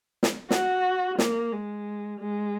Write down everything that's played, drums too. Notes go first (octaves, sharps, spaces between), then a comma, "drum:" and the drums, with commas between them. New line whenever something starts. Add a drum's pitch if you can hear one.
drum: snare
F#4, drum: snare
A#3, drum: snare
G#3
G#3